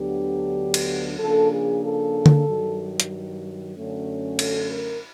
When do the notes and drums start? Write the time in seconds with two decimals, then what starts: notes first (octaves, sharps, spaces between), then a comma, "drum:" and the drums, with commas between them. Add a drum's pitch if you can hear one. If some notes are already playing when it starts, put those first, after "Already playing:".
Already playing: D2 D3 F#3 B3 D4 G4
0.74 drum: cymbal
1.18 C#3 F3 A#3 D4 A4
1.50 G#4
1.82 A4
2.26 drum: tom D3
2.46 G2 D#3 F#3
3.00 drum: hi-hat
3.75 F#2 D3 F#3 A3 C#4
4.39 A4, drum: cymbal
4.71 A#4